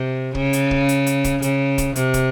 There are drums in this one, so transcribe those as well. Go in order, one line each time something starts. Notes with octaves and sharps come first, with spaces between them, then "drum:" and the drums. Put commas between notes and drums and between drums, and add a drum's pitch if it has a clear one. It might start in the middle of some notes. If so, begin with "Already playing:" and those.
Already playing: C3
C#3, drum: kick
drum: hi-hat
drum: kick
drum: hi-hat
drum: hi-hat
drum: kick, hi-hat
C#3, drum: hi-hat
drum: kick, hi-hat
C3, drum: hi-hat
drum: kick, hi-hat